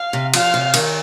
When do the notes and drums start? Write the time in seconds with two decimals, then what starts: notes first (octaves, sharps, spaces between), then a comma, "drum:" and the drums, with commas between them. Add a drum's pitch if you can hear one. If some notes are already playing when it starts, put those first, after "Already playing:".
Already playing: F5
0.13 C3
0.34 F3 F5, drum: cymbal
0.54 C3
0.74 D#3, drum: cymbal